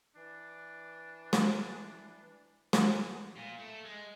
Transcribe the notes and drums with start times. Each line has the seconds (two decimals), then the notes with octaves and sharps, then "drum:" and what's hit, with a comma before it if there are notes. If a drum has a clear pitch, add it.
0.16 E3 D4
1.33 drum: snare
2.73 F#5, drum: snare
3.36 A#2
3.59 A3
3.85 G#3